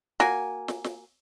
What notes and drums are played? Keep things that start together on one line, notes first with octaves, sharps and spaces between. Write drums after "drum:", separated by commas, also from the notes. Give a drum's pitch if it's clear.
A#3 F#4 A#4 G#5, drum: snare
drum: snare
drum: snare